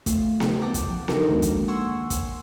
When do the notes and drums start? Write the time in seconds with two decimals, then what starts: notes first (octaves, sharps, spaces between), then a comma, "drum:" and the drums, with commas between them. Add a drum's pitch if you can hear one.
0.06 A3 F4, drum: kick, hi-hat
0.40 drum: snare B3
0.61 F#5 G5 A5 D6
0.74 drum: kick, hi-hat
0.90 F3
1.08 D4 D#4 F#4 A4 A#4, drum: snare B3
1.29 D2 D#3 G#3 A#3
1.42 drum: kick, hi-hat
1.68 F#5 G#5 C6 C#6 E6
2.10 drum: kick, hi-hat